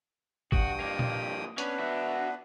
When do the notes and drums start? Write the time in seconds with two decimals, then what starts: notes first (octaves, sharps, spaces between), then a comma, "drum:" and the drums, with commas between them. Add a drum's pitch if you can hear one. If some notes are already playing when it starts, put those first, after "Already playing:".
0.52 G2 F#4 G5 D#6, drum: kick G#1
0.80 F2 A#3
0.99 drum: tom A#2
1.58 B3 C#4 D4 B4, drum: hi-hat
1.79 F#4 E5